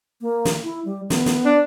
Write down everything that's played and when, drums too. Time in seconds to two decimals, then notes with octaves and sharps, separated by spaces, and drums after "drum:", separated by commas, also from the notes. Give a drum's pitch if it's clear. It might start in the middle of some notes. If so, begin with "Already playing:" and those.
0.21 A#3
0.45 drum: snare
0.63 E4
0.85 G3
1.10 B3, drum: snare
1.26 drum: snare
1.45 D4